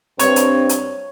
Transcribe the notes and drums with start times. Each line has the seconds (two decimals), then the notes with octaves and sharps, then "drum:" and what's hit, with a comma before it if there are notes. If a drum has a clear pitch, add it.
0.19 G2 C4 C#5, drum: hi-hat
0.36 drum: hi-hat
0.69 drum: hi-hat